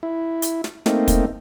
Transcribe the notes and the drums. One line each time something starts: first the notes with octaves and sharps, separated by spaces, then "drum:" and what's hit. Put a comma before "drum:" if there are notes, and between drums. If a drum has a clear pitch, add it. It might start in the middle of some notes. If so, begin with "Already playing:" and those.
E4
drum: hi-hat
drum: snare
A3 A#3 C4 D#4, drum: snare
drum: kick, hi-hat